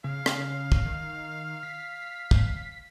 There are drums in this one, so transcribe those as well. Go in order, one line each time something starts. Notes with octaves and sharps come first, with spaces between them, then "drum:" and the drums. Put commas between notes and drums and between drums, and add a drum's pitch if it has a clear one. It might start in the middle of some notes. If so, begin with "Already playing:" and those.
C#3 F5
drum: rim click
drum: kick
D#3
B6
drum: kick